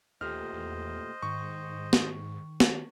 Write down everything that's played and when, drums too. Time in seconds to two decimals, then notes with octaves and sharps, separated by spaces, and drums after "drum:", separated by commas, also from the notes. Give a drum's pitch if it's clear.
0.21 D#2 A#2 A3 G4 C5 D#5 F6
0.53 E2
1.22 G#2 D#3 C#6
1.93 drum: snare
2.60 drum: snare